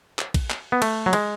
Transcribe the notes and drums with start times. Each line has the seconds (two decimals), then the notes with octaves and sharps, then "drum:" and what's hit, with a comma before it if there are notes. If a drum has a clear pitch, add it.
0.19 drum: clap
0.34 drum: kick A#1, cymbal
0.50 drum: clap
0.72 B3
0.82 A3, drum: cymbal
1.06 F#3
1.13 G#3, drum: cymbal